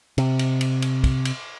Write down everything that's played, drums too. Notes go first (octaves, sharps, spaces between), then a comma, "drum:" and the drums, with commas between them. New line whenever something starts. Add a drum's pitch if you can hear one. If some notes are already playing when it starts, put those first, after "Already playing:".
C3, drum: cymbal
drum: cymbal
drum: cymbal
drum: cymbal
drum: kick, cymbal
drum: cymbal